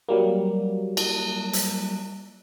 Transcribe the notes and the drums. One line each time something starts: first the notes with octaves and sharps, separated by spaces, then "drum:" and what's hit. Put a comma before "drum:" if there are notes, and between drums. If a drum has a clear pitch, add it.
F#3 G3 A#3
drum: cymbal
drum: hi-hat